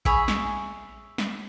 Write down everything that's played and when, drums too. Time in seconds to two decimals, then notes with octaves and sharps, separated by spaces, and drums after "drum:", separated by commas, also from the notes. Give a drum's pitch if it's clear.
0.05 G#4 C#5 E5 B5, drum: kick A1
0.28 drum: snare
1.18 drum: snare